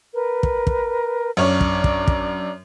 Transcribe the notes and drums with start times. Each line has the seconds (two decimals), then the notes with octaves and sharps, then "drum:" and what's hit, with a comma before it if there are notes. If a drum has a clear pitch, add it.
0.13 A#4 B4
0.43 drum: kick
0.67 drum: kick
1.37 F#2 D4 C#5 D5 A#5
1.61 drum: kick
1.84 drum: kick
2.07 drum: kick